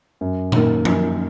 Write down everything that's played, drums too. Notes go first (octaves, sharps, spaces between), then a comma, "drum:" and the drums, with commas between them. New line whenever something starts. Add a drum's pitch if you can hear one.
F#2
D#3 A#3, drum: tom A#2
F#2, drum: tom F3